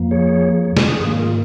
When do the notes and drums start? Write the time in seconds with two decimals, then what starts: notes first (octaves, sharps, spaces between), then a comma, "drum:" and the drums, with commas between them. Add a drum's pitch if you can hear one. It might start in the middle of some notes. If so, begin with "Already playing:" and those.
Already playing: F2 F3 A#3
0.11 G#4 C#5
0.65 G#4
0.77 F4, drum: snare
0.89 G#4
1.00 G#2 D#3 A#3 G#4
1.19 F4 A#4